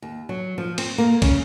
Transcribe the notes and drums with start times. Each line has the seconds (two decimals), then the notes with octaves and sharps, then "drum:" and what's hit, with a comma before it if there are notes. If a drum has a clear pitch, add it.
0.02 D#2
0.29 F#3
0.58 F3
0.78 C4, drum: cymbal
0.98 A#3
1.22 C#3, drum: kick, cymbal